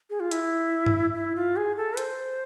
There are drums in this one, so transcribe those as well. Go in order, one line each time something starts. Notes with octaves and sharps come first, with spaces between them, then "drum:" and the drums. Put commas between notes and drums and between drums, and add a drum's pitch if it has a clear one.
G#4
F4
E4, drum: hi-hat
drum: tom G2
E4
F4
G#4
A4
C5, drum: hi-hat